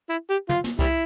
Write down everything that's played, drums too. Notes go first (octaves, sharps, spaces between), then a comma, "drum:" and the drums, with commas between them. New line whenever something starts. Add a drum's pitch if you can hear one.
E4
G4
F4, drum: tom
drum: snare
G3 E4, drum: kick C2